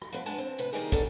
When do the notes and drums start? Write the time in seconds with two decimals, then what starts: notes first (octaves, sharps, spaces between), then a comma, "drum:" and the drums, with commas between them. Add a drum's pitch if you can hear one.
0.02 drum: rim click
0.12 F3 B3
0.26 G2 G#3 B3 G#5 A5
0.38 C4
0.58 A2 C3 B4, drum: tambourine
0.73 A#2 D#3 G3 D#4 G4 G#4
0.92 B3 C#4 D#4 A4 D5, drum: kick, tambourine